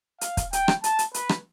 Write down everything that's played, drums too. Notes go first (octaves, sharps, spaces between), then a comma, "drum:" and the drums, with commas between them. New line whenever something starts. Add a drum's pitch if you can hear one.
F5, drum: hi-hat
drum: kick, hi-hat
G5, drum: hi-hat
drum: rim click
A5, drum: hi-hat
drum: hi-hat
B4, drum: hi-hat
drum: rim click